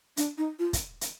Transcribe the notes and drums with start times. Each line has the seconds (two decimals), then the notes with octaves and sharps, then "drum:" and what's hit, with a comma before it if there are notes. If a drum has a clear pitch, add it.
0.17 D4, drum: hi-hat
0.38 D#4
0.59 F4
0.73 drum: kick, hi-hat
1.01 drum: hi-hat